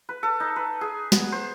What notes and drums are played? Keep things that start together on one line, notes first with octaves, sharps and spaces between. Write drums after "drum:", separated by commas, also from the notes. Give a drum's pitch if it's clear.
B4
A4
D#4
B4
G#4
B3, drum: snare
C5